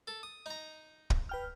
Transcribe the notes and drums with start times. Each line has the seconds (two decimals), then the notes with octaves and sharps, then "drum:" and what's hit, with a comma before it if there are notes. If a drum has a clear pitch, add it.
0.07 A4
0.23 D#6
0.46 D#4 A#5
1.10 drum: kick
1.29 B4 G5 F6